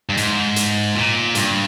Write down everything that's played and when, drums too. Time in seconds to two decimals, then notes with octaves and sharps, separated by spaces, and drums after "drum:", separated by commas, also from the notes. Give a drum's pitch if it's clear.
0.09 G2
0.17 G#2, drum: hi-hat
0.56 drum: hi-hat
0.95 A#2
1.35 G2, drum: hi-hat